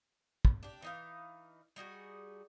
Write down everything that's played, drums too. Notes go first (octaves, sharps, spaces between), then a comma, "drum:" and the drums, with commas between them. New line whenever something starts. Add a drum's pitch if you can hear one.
drum: kick
D4 G4
E3 D#4 F5
G3 D#4 F#4 G#4